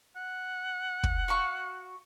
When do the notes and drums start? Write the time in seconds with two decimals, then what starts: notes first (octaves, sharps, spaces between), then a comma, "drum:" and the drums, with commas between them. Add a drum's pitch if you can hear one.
0.16 F#5
1.03 drum: kick
1.28 F#4 F5 C#6